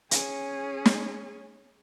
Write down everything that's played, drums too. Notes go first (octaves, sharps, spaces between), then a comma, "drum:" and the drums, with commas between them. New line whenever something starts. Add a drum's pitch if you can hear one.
C#4 G#4, drum: hi-hat
drum: snare